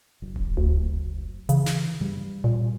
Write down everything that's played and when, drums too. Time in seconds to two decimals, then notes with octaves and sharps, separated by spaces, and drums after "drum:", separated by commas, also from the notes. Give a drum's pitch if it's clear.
0.22 F#1
0.36 drum: kick D1
0.57 D2
1.49 C#3 E3, drum: hi-hat
1.66 drum: snare
2.01 G2 G3
2.44 A#2